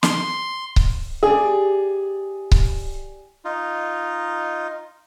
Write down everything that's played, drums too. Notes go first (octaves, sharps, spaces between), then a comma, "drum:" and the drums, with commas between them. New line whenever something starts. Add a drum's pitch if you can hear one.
C6, drum: snare
drum: kick C#1
E4 G4 G#4 D5
drum: kick C#1
D#4 F4